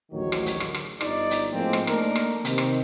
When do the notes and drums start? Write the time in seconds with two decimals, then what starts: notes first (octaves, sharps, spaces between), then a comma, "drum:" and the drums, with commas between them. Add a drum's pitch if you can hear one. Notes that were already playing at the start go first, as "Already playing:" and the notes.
0.12 A1 D2 G#2 D#3 F#3 C#5
0.32 drum: rim click
0.46 drum: hi-hat
0.60 drum: rim click
0.74 drum: rim click
1.01 G1 D#4 D5, drum: rim click
1.31 drum: hi-hat
1.53 A2 F3 G#3 A#3 C4
1.73 drum: rim click
1.87 A3 A#3 D4 D#4 A#4, drum: rim click
2.15 drum: rim click
2.45 C3 D#3 C4, drum: hi-hat
2.58 drum: rim click